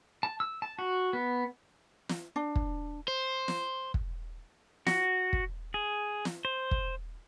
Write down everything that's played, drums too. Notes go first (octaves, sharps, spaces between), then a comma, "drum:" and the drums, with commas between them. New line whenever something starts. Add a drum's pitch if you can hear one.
A5
E6
A5
F#4
B3
drum: snare
D4
drum: kick
C5
drum: snare
drum: kick
F#4, drum: snare
drum: kick
G#4
drum: snare
C5
drum: kick